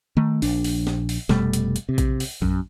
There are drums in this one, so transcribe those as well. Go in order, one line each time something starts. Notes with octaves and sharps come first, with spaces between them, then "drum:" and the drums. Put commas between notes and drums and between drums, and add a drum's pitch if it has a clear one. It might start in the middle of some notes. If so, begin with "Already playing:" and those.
D#3 A3
A#1 D4, drum: open hi-hat
drum: open hi-hat
drum: snare
drum: open hi-hat
F1 B2 G3 A3, drum: snare
drum: hi-hat
drum: hi-hat
C3
drum: kick A#1, hi-hat
drum: open hi-hat
F#2, drum: kick A#1